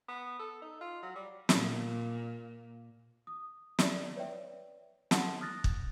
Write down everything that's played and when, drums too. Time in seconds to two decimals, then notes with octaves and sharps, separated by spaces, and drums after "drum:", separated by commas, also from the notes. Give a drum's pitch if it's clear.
0.09 B3
0.39 A4
0.62 D#4
0.81 F4
1.03 F#3
1.16 G3
1.49 A#2, drum: snare
3.27 D#6
3.79 D5 E5, drum: snare
4.16 B4 C#5 D5 E5 G5
5.11 F#5 A5 C6, drum: snare
5.41 D#6 F6 F#6 A6 A#6
5.64 drum: kick